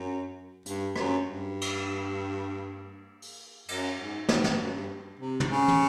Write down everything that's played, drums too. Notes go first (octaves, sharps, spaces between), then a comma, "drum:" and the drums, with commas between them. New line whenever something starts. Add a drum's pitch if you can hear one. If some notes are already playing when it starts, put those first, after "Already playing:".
Already playing: F#2
G2, drum: hi-hat
F#2, drum: rim click
G2
drum: cymbal
drum: open hi-hat
F#2, drum: cymbal
G#2
G#2, drum: snare
G2, drum: snare
F#2
G2
C3
drum: tom
C#3
drum: tom